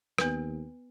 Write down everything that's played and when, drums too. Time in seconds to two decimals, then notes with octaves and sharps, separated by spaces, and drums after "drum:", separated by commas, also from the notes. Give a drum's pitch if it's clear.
0.18 D#2 B3 B4, drum: rim click